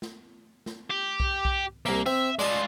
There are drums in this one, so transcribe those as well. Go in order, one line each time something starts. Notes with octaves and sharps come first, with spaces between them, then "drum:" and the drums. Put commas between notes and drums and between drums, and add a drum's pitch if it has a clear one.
drum: snare
drum: snare
G4
drum: kick B1
drum: kick B1
C2 A#3 E5
C4 E5
G#3 F4 D5 D#5 A5